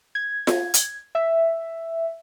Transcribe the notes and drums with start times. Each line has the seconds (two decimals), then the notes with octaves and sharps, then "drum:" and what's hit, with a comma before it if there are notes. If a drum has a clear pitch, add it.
0.15 G#6
0.47 drum: snare F4
0.74 drum: hi-hat
1.15 E5